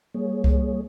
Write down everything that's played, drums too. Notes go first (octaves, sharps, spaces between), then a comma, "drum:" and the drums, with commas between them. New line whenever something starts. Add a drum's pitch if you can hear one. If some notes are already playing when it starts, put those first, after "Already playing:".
G3 A#3 G#4 C#5
drum: kick C2